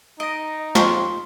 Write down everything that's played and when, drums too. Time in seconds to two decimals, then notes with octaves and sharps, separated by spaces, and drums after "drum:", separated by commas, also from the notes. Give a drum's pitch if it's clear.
0.20 D#4 D#5 A#6 D7
0.75 F2 F4 G5 C6 C#6, drum: snare